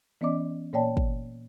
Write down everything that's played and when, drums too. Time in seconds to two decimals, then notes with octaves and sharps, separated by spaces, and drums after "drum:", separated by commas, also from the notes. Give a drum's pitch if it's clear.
0.21 E3 B3 C#4 D5 D#5 D6
0.73 A#2 A#3 C#5 D5 G5 A5
0.97 drum: kick